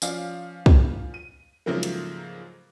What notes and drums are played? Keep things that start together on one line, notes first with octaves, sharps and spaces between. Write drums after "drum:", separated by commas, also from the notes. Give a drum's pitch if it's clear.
F3 C#4 D5 F5, drum: tambourine
drum: kick
D#7
G#2 C#3 F3 F#3 A3 A#3
drum: hi-hat